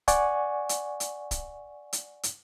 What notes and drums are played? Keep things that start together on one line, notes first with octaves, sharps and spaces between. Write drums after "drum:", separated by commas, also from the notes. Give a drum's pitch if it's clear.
D5 F#5 G#5 C#6, drum: kick, hi-hat
drum: hi-hat
drum: hi-hat
drum: kick, hi-hat
drum: hi-hat
drum: hi-hat